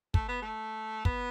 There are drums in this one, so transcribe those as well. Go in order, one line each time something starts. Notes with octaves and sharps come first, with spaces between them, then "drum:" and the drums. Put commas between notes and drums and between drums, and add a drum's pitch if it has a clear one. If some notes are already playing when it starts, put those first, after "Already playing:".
A3, drum: kick
B3
A3
B3, drum: kick